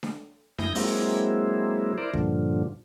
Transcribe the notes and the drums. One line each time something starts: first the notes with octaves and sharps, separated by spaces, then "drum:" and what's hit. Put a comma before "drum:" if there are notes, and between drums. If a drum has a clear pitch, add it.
drum: snare D4
F#2 E4 D#6 G6 A#6, drum: snare D4
F#3 G#3 A#3 C4 E4, drum: open hi-hat
E4 A#4 C5 D5
G2 A#2 D3 F3, drum: kick